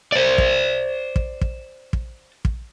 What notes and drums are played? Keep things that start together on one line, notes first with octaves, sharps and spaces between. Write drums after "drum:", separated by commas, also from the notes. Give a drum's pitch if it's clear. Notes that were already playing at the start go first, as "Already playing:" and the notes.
C5 D5
drum: kick
drum: kick
drum: kick
drum: kick
drum: kick